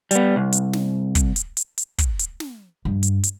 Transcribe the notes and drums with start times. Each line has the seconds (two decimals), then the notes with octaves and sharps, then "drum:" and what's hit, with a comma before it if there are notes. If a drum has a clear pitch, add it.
0.11 G3 B3, drum: hi-hat
0.36 C2
0.52 drum: hi-hat
0.73 drum: snare
1.15 drum: kick, hi-hat
1.36 drum: hi-hat
1.57 drum: hi-hat
1.78 drum: hi-hat
1.98 drum: kick, hi-hat
2.19 drum: hi-hat
2.40 drum: snare
2.85 G2
3.03 drum: hi-hat
3.23 drum: hi-hat